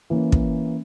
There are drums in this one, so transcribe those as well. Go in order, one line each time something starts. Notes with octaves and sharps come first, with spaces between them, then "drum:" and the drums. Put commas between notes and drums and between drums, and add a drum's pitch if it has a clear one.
E3 A#3 C#4
drum: kick